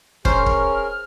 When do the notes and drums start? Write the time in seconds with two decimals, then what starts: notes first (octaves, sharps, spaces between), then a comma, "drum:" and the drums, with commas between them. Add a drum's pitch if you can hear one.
0.25 C#4 G#4 A#4 C5 F6, drum: kick
0.46 drum: kick